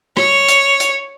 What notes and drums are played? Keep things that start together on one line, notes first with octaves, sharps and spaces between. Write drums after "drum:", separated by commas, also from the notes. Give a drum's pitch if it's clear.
C#5, drum: rim click
drum: hi-hat
drum: hi-hat